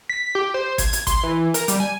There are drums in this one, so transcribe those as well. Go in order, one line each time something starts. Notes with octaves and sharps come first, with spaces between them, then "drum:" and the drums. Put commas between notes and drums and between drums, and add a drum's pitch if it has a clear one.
B6
G4
C5
G#6, drum: kick G#1, hi-hat
drum: hi-hat
C6, drum: kick G#1, hi-hat
E3
A#4, drum: hi-hat
G3, drum: hi-hat
G#5